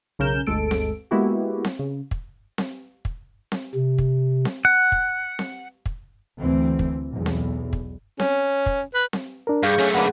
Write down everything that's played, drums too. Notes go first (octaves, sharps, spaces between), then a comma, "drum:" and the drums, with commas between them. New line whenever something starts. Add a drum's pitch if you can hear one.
B1 C#3 C#4 A#4 G6 E7
G1 D2 G#3 A4 D7
drum: snare C4
G#3 A#3 B3 E4 F#4 G4
drum: snare C4
C#3
drum: kick
drum: snare C4
drum: kick
drum: snare C4
C3
drum: kick
drum: snare C4
F#5
drum: kick
drum: snare C4
drum: kick
D2 E3 C4
drum: kick
B1 E2
drum: snare C4
drum: kick
C#4, drum: snare C4
drum: kick
B4
drum: snare C4
D4 A#4
G2 G#4 F5 C#6 G6
F#2 A3 C#4
D3 A#3 B4 F#5